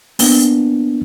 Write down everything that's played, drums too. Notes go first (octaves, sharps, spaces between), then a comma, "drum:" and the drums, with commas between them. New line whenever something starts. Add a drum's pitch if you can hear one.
A#3 B3 D4, drum: open hi-hat